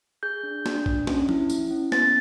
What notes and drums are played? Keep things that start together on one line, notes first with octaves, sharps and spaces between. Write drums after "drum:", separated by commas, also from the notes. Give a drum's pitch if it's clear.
G#4 G6
D4
D4, drum: snare
D4, drum: kick
C#4, drum: snare
E4, drum: tom F3
E4, drum: tambourine
C#4
B3 A6, drum: snare